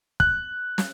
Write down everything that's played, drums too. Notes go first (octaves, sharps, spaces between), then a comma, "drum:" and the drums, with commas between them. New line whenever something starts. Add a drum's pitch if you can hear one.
F#6, drum: kick
drum: snare